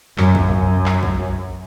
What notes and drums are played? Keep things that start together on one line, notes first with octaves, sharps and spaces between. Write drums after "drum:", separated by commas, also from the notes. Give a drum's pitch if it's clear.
F#2, drum: clap
drum: kick
F#2
drum: clap
drum: kick